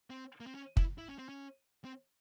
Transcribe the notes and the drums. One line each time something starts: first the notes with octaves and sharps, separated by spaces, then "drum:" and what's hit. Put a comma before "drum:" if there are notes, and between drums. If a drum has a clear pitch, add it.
C4
A#3
C4
C#4
E4, drum: kick
E4
C#4
C4
C#4
C4